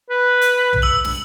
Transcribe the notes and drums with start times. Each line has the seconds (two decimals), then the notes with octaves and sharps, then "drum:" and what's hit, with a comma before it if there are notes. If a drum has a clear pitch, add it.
0.10 B4
0.41 drum: hi-hat
0.73 drum: tom
0.82 E6 F#7
1.04 drum: snare